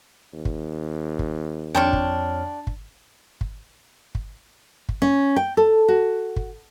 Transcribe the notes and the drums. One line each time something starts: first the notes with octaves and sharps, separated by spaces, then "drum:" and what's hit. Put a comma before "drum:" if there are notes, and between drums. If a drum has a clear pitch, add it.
D#2
drum: kick
drum: kick
F2 D4 C#5 G5 C6 C#6 F6
drum: kick
drum: kick
drum: kick
drum: kick
drum: kick
C#4
G5
A4
F#4
drum: kick